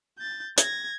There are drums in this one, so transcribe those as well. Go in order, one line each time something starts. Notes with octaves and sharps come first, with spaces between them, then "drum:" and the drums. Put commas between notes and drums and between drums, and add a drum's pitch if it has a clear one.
G6 A6
G#6 A#6, drum: hi-hat